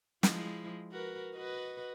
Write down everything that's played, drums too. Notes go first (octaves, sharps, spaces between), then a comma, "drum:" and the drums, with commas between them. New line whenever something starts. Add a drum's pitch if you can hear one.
F3 G#3 E4, drum: snare
F#4 A#4 B4
F#4 B4 D#5